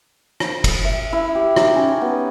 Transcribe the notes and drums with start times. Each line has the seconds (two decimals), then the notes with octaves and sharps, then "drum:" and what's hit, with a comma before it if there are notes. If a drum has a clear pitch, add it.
0.40 drum: rim click
0.64 drum: kick, cymbal
0.84 E5
1.13 E4
1.35 G4
1.56 D#4, drum: rim click
1.75 C#4
2.01 B3